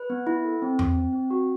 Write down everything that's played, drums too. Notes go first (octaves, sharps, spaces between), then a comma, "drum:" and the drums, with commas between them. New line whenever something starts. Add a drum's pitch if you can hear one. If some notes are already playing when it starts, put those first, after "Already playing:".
Already playing: B4
B3
E4
A4
C4
C4, drum: tom E2
C4
C4
F#4